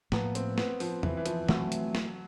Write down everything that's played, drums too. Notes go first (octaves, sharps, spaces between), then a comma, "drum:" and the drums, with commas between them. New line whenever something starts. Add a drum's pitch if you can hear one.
A2 F3 A#3 B3, drum: snare
C4, drum: hi-hat
B3, drum: snare
F3, drum: open hi-hat
E3, drum: tom E2
E3
F3, drum: hi-hat
E3 F#3 A3 C4, drum: snare
drum: hi-hat
drum: snare